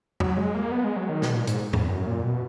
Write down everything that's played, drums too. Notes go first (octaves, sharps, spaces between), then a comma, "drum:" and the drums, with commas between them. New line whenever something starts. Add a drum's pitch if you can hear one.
F#3, drum: tom E2
G#3
A#3
B3
G#3
F#3
D#3
B2, drum: snare
A#2
G#2, drum: hi-hat
E2, drum: tom
F#2
A#2
B2